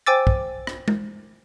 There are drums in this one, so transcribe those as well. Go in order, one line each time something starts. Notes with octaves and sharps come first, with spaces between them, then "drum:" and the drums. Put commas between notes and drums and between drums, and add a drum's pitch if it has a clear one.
C5 G5 G#5 D6 E6 A6
drum: kick
drum: rim click
drum: tom G#3